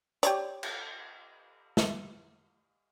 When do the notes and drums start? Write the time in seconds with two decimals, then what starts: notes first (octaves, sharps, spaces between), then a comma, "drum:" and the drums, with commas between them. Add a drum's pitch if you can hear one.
0.23 G4 C#5 D5, drum: hi-hat
0.63 drum: cymbal
1.77 drum: snare